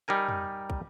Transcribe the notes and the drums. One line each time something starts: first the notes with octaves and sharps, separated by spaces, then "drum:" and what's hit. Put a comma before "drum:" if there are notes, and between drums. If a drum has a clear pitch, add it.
G3 D#4 A#4 G#5
drum: tom
drum: kick